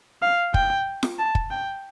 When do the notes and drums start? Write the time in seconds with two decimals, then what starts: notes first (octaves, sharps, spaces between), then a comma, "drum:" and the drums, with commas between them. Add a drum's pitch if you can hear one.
0.22 F5
0.54 G5, drum: kick
1.03 drum: snare F4
1.19 A5
1.35 drum: kick
1.51 G5